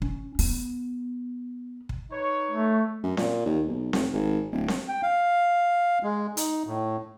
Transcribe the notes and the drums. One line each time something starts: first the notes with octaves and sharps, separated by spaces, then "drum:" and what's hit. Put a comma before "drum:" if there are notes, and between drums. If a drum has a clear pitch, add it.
C#4, drum: kick
B3, drum: open hi-hat
drum: kick
D#4 B4 C#5
A3
F#2
A#2, drum: snare C4
D#2
B1
F1, drum: snare C4
G#1
D1
drum: snare C4
G5
F5
G#3
D#4, drum: hi-hat
A2